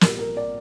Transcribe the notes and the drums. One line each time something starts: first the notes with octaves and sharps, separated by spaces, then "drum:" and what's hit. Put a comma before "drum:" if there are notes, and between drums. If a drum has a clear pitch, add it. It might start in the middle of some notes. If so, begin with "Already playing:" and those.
A#2 G3 A#4, drum: snare
A#4
D5